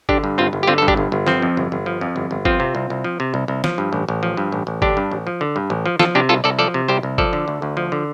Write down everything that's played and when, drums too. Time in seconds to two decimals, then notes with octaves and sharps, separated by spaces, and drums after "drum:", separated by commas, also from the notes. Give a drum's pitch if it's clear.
0.09 D3 D4 G4, drum: kick G1
0.24 G2
0.38 G1 C4 F4
0.53 G1
0.63 G4
0.67 D3 C4 F4
0.78 A4
0.82 G2
0.88 D4 G4, drum: kick G1
0.97 G1
1.12 G1
1.27 F3 C4, drum: snare
1.42 F2
1.57 G1
1.72 G1
1.86 F3
2.01 F2
2.16 G1
2.31 G1
2.45 F3 C4 F4, drum: kick G1
2.60 C3
2.75 C2
2.90 C2
3.04 F3
3.20 C3
3.34 C2
3.48 C2
3.64 F3, drum: snare
3.78 G2
3.93 A1
4.09 A1
4.23 F3
4.37 G2
4.52 A1
4.67 A1
4.82 D3 D4 G4, drum: kick G1
4.97 G2
5.11 A1
5.27 F3
5.41 D3
5.56 G2
5.70 A1
5.86 F3
5.99 F3 F4 A4, drum: snare
6.15 C3 D4 G4
6.29 C2 F4 A4
6.44 C2 A4 D5
6.59 F3 A4 D5
6.74 C3
6.88 C2 G4 C5
7.03 C2
7.18 F3 A4 D5, drum: kick G1
7.33 D3
7.48 D2
7.62 D2
7.77 F3
7.92 D3